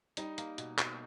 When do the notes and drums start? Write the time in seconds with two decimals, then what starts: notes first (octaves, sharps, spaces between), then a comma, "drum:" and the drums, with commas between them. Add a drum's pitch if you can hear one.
0.17 G3 D#4, drum: hi-hat
0.38 A#3, drum: hi-hat
0.58 B2, drum: hi-hat
0.78 B2, drum: clap